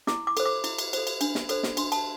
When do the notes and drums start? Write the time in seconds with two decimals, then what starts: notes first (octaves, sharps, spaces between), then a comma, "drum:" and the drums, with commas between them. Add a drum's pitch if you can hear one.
0.07 E4 D6, drum: snare
0.27 D6
0.37 A4 C5, drum: cymbal
0.45 D6
0.64 E4, drum: cymbal
0.78 drum: cymbal
0.93 A4 C5, drum: cymbal
1.07 drum: cymbal
1.21 D4, drum: cymbal
1.35 drum: snare
1.49 A4 C5, drum: cymbal
1.63 drum: snare
1.77 D4 C6, drum: cymbal
1.92 A5, drum: cymbal